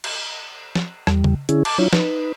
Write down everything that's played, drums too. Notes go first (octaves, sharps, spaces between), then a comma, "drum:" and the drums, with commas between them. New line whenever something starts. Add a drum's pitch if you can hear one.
drum: cymbal
drum: snare F3
E2 G3, drum: rim click
drum: tom C#3
D3 C#4 E4 G#4, drum: hi-hat
A5 D6, drum: cymbal
F#3 D4 E4 F4 C#5
D#4 B4, drum: snare F3